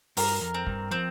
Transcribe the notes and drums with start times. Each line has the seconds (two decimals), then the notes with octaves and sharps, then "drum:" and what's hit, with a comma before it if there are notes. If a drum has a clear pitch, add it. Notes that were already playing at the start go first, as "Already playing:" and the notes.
0.17 G2 A#4, drum: open hi-hat
0.41 F2
0.54 C4
0.66 G2, drum: kick
0.91 F3 C4